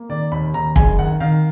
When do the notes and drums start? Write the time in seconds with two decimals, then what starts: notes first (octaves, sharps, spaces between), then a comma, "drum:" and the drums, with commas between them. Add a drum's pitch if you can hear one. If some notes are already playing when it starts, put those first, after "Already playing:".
Already playing: A#3
0.09 D#3 D5
0.32 D#2 B5
0.54 D#3 A#5
0.76 F#1 G#5, drum: kick
0.99 D#3 F#5
1.20 D#3 F5